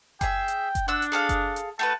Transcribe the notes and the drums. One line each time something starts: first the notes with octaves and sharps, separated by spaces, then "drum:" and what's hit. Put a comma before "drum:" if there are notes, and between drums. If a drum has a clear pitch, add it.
G#4 E5 G5, drum: kick F#1, hi-hat
drum: hi-hat
drum: kick F#1, hi-hat
D4 F#5 E6
drum: hi-hat
G#4 A4 F5
drum: kick F#1, hi-hat
drum: hi-hat
A3 F#4 B4 A5